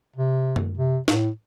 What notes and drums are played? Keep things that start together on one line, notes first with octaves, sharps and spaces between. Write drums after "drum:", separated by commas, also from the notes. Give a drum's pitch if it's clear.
C3
drum: tom F#2
C3
A2, drum: snare